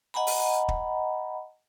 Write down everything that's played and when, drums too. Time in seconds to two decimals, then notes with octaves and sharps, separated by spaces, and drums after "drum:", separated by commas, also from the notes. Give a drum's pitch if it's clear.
0.14 D#5 F#5 G#5 A#5 B5
0.27 drum: open hi-hat
0.68 drum: kick